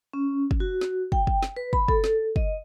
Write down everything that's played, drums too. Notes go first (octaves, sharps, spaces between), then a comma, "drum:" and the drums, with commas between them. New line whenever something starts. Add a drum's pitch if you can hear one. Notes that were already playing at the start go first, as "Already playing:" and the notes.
C#4
drum: kick
F#4
drum: snare
G5, drum: kick
drum: kick
drum: snare
B4
B5, drum: kick
A4, drum: kick
drum: snare
D#5, drum: kick